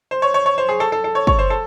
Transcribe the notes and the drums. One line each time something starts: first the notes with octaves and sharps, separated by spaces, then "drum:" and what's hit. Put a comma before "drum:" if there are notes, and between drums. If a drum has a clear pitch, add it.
C5
C#5
C#5
C#5
C5
G#4
A4
A4
A4
C#5
C#5, drum: kick
C5
A4